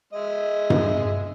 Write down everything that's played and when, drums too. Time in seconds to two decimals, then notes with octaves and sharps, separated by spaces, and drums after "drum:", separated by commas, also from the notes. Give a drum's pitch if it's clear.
0.13 G#3 D#5 E5
0.70 drum: tom G2